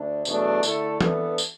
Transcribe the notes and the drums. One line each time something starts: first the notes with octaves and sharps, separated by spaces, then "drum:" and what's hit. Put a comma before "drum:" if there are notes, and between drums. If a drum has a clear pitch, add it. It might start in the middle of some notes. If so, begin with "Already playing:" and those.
Already playing: D2 D4
E2 B2 F#3 A3 D4, drum: tambourine
D3 A3 E4 A4, drum: tambourine
E3 B3 D4 A4, drum: tom
drum: tambourine